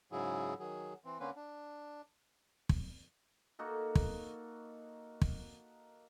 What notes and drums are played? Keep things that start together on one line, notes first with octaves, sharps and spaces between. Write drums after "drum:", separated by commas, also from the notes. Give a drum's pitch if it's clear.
G#2 C#3 F#3 E4 G#4
D#3 F#3 G#4
E3 C4
D3 A#3 C4 C#4 B4
D4
drum: kick
A#3 D#4 F#4 A4
drum: kick
drum: kick